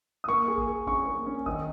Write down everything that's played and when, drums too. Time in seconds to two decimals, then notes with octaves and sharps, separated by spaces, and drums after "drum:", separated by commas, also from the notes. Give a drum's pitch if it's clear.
0.24 D#6
0.28 A#3 C#6
0.48 G#4
0.58 drum: kick G#1
0.67 G#4
0.87 C#4 C#6, drum: kick G#1
1.07 A#3
1.27 C#4
1.46 D#3 D#6, drum: kick G#1